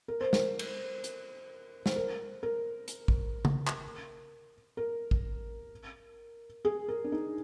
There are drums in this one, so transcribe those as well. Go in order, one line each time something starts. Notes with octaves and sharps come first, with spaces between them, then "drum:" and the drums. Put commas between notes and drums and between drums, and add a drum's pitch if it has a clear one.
A#4
C5
A#4, drum: snare
drum: cymbal
drum: hi-hat
C5, drum: snare
A#4
A#4
drum: hi-hat
drum: kick A1
drum: tom C#3
drum: clap
A#4
drum: kick A1
G#4
A#4
D4
D#4